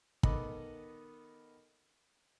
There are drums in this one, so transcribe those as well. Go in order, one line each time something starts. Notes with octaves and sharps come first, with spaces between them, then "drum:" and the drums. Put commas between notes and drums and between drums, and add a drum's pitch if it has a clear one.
D#3 B3 A4 D#5 B5 D6, drum: kick